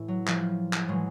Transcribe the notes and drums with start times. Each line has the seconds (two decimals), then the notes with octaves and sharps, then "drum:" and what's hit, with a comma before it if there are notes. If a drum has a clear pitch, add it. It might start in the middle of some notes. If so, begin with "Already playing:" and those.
Already playing: A2 E3
0.08 F#3
0.28 F3 G3, drum: clap
0.73 drum: clap
0.88 A2 E3 F#3 G#3